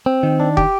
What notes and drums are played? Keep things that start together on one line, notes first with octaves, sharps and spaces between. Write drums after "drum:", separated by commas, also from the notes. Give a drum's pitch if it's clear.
C4
D#3
D4
G4, drum: kick